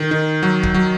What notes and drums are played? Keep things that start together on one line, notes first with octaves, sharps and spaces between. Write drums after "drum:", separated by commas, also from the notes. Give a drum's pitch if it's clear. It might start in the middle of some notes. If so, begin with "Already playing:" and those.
Already playing: D#3
D#3
F#3
drum: kick
F#3